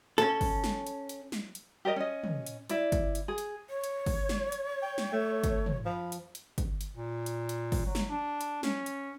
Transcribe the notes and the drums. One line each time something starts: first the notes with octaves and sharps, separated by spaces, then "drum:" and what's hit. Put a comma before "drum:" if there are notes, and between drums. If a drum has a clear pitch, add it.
C#4 A4, drum: hi-hat
drum: kick, open hi-hat
drum: snare
drum: hi-hat
drum: hi-hat
drum: snare
drum: hi-hat
G4 A#4 D5 D#5
C#4 D#5
drum: tom
drum: hi-hat
E4 D5, drum: hi-hat
drum: kick, hi-hat
drum: hi-hat
G#4
drum: hi-hat
C#5
drum: hi-hat
drum: kick, open hi-hat
drum: snare
drum: hi-hat
G5
drum: snare
A3
drum: kick, hi-hat
drum: tom
F3 B5
drum: hi-hat
drum: hi-hat
drum: kick, hi-hat
drum: hi-hat
A#2
drum: hi-hat
drum: hi-hat
drum: kick, open hi-hat
F#3
drum: snare
D4
drum: hi-hat
C#4, drum: snare
drum: hi-hat